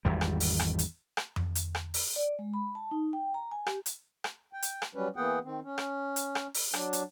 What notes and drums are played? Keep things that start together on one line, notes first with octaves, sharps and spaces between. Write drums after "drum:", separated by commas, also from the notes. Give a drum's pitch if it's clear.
G#1 E2 G3
drum: rim click
drum: open hi-hat
drum: rim click
drum: hi-hat
drum: rim click
drum: tom F2
drum: hi-hat
drum: rim click
drum: open hi-hat
D5
G#3
B5
A5
D#4
G5
A#5
G#5
G4, drum: rim click
drum: hi-hat
drum: rim click
G5
drum: hi-hat
drum: rim click
F#3 G3 C#4 B4
E3 A#3 B3 G#4 F#5 G5
D#3 C4
C#4
drum: rim click
drum: hi-hat
drum: rim click
drum: open hi-hat
F#3 D4, drum: rim click
drum: hi-hat